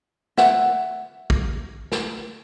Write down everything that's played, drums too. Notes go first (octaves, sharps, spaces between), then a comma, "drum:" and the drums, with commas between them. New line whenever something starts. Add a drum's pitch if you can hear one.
E5 F#5, drum: snare
drum: kick
drum: snare